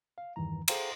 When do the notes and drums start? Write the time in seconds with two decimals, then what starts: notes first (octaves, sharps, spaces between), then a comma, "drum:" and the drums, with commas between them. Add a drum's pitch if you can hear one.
0.18 F5
0.36 E2 G2 D#3 E3 A#5
0.68 G#4 A4 C5 F5 G5 A#5, drum: cymbal